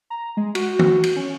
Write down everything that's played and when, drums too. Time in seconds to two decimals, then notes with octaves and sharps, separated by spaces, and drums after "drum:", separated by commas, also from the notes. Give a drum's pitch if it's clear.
0.10 A#5
0.37 G#3
0.55 F#4, drum: cymbal
0.79 drum: tom
1.04 drum: cymbal
1.16 C#4